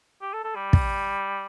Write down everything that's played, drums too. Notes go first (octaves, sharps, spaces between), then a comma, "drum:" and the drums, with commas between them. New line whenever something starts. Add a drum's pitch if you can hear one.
G4
A4
A4
G3
drum: kick